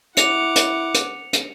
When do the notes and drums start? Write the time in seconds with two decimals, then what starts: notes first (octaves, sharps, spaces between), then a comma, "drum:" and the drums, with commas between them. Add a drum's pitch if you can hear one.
0.17 E4 F#5 D6 C#7 F7, drum: hi-hat
0.56 drum: hi-hat
0.94 drum: hi-hat
1.33 drum: hi-hat